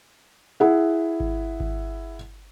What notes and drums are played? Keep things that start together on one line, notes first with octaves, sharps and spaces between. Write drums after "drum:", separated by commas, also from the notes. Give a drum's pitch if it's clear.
E4 G#4 F#5
drum: kick G#1
drum: kick G#1